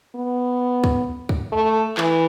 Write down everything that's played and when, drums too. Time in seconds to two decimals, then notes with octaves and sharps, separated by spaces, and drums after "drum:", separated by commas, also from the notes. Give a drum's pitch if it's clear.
0.15 B3
0.84 drum: kick
1.29 drum: kick
1.52 A3
1.98 E3, drum: clap